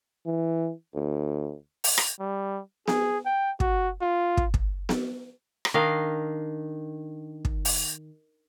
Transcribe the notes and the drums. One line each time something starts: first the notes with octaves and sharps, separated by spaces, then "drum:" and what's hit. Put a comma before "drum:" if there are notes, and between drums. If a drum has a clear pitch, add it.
E3
D2
drum: open hi-hat
drum: rim click
G3
G#4, drum: snare B3
G5
F#4, drum: kick
F4
drum: kick
drum: kick
drum: snare B3
drum: rim click
D#3 D4 D#5 F5
drum: kick
drum: open hi-hat